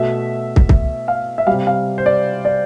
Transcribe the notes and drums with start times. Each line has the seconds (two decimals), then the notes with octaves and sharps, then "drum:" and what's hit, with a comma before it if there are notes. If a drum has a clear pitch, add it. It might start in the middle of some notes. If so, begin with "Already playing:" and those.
Already playing: B2 A3 E5
0.56 drum: kick
0.69 drum: kick
1.08 F5
1.38 E5
1.47 C3 G3 F5
1.67 F5
1.98 C5
2.06 D5
2.45 D5